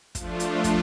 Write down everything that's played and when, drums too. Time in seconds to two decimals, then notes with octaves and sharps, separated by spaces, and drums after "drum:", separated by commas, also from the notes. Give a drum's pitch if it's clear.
0.15 F3 A3 D4 F4, drum: kick, hi-hat
0.40 drum: hi-hat
0.64 drum: kick, hi-hat